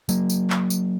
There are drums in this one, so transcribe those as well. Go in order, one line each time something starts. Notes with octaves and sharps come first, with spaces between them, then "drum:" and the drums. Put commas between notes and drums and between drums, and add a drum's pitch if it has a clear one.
F#3 A#3, drum: tambourine
drum: tambourine
drum: clap
drum: tambourine